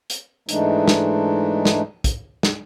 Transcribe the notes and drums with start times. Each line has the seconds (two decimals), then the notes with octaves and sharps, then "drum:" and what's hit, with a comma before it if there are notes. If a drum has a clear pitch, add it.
0.10 drum: hi-hat
0.49 G#2 E3 G#3 A3 D4 D#4, drum: hi-hat
0.88 drum: snare
1.65 drum: snare
2.04 drum: kick, hi-hat
2.43 drum: snare